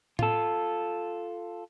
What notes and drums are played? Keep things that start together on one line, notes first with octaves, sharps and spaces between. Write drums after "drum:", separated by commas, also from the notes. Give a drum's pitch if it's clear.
F4 A4, drum: tom A2